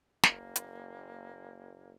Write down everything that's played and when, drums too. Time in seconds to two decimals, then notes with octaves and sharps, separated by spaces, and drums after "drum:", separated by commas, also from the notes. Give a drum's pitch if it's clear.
0.23 F#1 A#3, drum: snare
0.56 drum: hi-hat